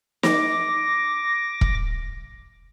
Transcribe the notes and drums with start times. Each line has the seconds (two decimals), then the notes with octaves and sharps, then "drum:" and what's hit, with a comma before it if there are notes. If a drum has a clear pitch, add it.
0.23 D6 A#6, drum: snare
1.61 drum: kick E1